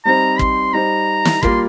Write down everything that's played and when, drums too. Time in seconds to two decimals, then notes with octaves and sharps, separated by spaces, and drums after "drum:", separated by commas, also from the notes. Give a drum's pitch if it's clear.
0.05 G3 C4 D#4 C5 A#5
0.39 C6, drum: kick
0.73 G3 D#4 C5 A#5
1.25 drum: snare
1.43 G3 A#3 F4 A#4 C6, drum: kick